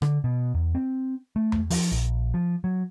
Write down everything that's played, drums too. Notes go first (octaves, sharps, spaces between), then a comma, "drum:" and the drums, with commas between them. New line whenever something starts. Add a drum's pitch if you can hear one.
D3, drum: rim click
B2
E2
C4
A3
drum: tom E2
F3, drum: open hi-hat
A#1
F3
F#3